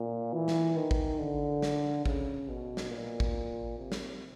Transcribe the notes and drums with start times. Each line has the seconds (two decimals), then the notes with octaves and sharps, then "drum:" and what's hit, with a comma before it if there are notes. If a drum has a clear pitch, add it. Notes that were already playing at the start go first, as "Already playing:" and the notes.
Already playing: A#2
0.33 E3
0.48 drum: snare
0.76 D#3
0.91 drum: kick
1.19 D3
1.62 drum: snare
2.05 C#3, drum: kick
2.48 B2
2.77 drum: snare
2.91 A#2
3.20 drum: kick
3.78 C3
3.92 drum: snare